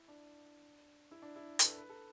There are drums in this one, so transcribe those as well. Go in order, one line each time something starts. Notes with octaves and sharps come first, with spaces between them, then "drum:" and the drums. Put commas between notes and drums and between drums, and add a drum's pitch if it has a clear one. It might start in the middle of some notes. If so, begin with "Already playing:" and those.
Already playing: E4
D4
E4
D4
E4
B4, drum: hi-hat
A4
B4
A4